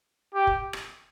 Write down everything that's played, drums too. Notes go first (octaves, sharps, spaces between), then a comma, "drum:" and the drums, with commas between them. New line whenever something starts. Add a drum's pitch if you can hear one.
G4
drum: kick
drum: rim click